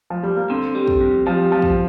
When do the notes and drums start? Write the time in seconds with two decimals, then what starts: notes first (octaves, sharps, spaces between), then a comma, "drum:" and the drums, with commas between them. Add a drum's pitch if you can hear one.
0.10 F3
0.23 G3
0.37 A#3
0.50 D3 C4
0.75 G3
0.88 drum: kick
1.00 F2
1.26 F3 G3
1.52 F2 F3
1.62 drum: kick